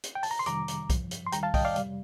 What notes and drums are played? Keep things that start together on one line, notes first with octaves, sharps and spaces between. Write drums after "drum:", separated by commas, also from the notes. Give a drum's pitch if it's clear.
drum: hi-hat
G5
A5, drum: open hi-hat
A#5
C6
F2 C3 D#3 G3 A#5 D6, drum: hi-hat
drum: hi-hat
G2 F3, drum: kick B1, hi-hat
drum: hi-hat
C6
D#2 D#3 G3 G5 A#5, drum: hi-hat
F5 A5
D#5 G5, drum: kick B1, open hi-hat
D5 F5
F2 C3 G3, drum: hi-hat